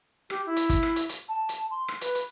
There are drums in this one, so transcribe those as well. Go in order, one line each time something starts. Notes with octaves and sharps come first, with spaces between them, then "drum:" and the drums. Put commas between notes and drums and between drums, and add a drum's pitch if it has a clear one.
G4, drum: rim click
E4
drum: hi-hat
drum: kick, hi-hat
drum: rim click
drum: hi-hat
drum: hi-hat
A5
drum: hi-hat
C6
drum: rim click
B4, drum: hi-hat
drum: hi-hat